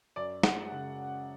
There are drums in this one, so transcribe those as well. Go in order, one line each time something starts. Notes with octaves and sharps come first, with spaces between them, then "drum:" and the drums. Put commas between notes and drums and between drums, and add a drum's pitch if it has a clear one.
F#2 D5
G#3 F#5, drum: snare
C#3